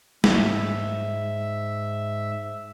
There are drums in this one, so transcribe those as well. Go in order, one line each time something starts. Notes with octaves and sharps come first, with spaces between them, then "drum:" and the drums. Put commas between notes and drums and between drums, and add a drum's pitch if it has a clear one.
G#2 E5, drum: snare